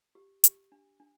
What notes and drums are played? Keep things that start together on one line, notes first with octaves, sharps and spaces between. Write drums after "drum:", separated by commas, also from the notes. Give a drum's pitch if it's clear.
G4
G4, drum: hi-hat
D4
D4